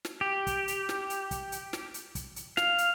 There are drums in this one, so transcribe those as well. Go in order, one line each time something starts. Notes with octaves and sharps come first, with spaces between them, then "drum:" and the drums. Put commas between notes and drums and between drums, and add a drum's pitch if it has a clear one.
drum: snare
G4
drum: kick, hi-hat
drum: hi-hat
drum: snare
drum: hi-hat
drum: kick, hi-hat
drum: hi-hat
drum: snare
drum: hi-hat
drum: kick, hi-hat
drum: hi-hat
F5, drum: snare
drum: hi-hat